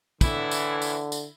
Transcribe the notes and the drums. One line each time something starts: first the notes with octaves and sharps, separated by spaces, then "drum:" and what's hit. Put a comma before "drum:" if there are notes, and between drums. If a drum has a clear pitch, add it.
A2 D3 E3 E4, drum: kick, tambourine
drum: tambourine
drum: tambourine
drum: tambourine